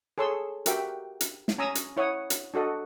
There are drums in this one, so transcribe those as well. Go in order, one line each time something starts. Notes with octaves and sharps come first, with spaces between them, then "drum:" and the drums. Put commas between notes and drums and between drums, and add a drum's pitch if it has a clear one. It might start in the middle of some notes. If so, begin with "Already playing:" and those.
G#4 A4 C#5 C6 E6
F#4 G4 A#4 E5 G5, drum: hi-hat
drum: hi-hat
drum: snare
C#4 G#5 A#5 D#6 E6
drum: hi-hat
E4 C#5 F#5 D#6
drum: hi-hat
D4 F#4 A4 D#5